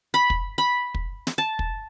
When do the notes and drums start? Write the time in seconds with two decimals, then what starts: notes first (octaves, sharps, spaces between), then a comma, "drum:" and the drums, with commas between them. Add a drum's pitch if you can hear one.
0.14 B5
0.30 drum: kick
0.58 B5
0.94 drum: kick
1.27 drum: snare
1.38 A5
1.59 drum: kick